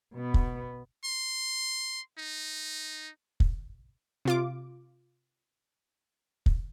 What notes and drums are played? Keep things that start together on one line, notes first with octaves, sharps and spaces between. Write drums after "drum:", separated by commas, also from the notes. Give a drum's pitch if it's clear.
B2 B3
drum: kick
C6
D#4
drum: kick
C3 F4 D6
drum: kick